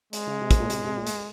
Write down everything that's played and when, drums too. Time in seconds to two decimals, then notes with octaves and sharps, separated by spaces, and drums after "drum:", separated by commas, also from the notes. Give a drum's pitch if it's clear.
0.13 G#3, drum: hi-hat
0.27 C#3
0.41 C3
0.51 drum: kick, hi-hat
0.60 A#2
0.70 C3, drum: hi-hat
0.84 C3
0.97 A#2
1.07 drum: hi-hat